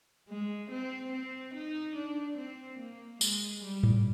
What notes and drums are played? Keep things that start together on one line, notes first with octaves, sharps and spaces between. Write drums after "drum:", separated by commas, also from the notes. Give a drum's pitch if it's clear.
G#3
C4
C4
D#4
D4
C4
A#3
G#3, drum: tambourine
G3
drum: tom G#2